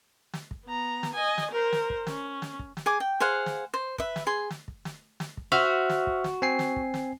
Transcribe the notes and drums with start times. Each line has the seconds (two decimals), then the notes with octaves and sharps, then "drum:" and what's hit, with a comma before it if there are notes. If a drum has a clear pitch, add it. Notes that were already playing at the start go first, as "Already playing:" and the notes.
0.34 drum: snare
0.51 drum: kick
0.65 B3 A#5
1.03 drum: snare
1.13 D#5 G#5
1.38 drum: snare
1.51 A#4 C5
1.73 drum: snare
1.90 drum: kick
2.07 C#4, drum: snare
2.42 drum: snare
2.59 drum: kick
2.77 drum: snare
2.86 G#4 G#5 D6
3.00 G5
3.20 G#4 C5 F5 F#5
3.46 drum: snare
3.74 C5
3.98 B4 E5, drum: kick
4.16 drum: snare
4.27 G#4 C6
4.50 drum: snare
4.68 drum: kick
4.85 drum: snare
5.20 drum: snare
5.37 drum: kick
5.52 F#4 C5 E5 F6
5.89 drum: snare
6.07 drum: kick
6.24 drum: snare
6.42 C4 G#5 C7
6.59 drum: snare
6.76 drum: kick
6.94 drum: snare